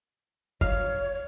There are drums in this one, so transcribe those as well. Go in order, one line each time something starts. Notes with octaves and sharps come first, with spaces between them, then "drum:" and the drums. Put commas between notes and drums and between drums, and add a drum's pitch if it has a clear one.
C#5 F5, drum: kick